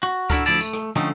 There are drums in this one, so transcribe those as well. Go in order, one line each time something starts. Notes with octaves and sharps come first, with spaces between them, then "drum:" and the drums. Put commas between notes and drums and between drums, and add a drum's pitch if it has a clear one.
F#4
D4 E4 F#4 A4 A#4, drum: kick C#2, tambourine
D2 F3 E4 D5 A5, drum: tambourine
A3, drum: tambourine
drum: rim click
D3 F3 A3 C4 C#4 D#4